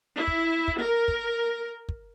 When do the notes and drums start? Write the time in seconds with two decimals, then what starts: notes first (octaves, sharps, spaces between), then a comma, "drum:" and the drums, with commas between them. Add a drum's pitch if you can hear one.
0.16 E4
0.28 drum: kick
0.68 drum: kick
0.81 A#4
1.08 drum: kick
1.89 drum: kick